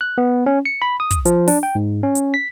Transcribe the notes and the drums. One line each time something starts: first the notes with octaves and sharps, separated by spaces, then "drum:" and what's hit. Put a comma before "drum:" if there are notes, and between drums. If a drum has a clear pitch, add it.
F#6
B3
C#4
C#7
B5
D#6
drum: kick, hi-hat
F3, drum: hi-hat
D4, drum: open hi-hat
G5
G#2
C#4
drum: hi-hat
B6